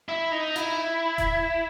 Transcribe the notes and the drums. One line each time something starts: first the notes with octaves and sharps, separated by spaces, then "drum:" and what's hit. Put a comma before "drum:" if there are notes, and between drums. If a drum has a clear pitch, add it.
E4
D#4
E4, drum: hi-hat
drum: kick E1, hi-hat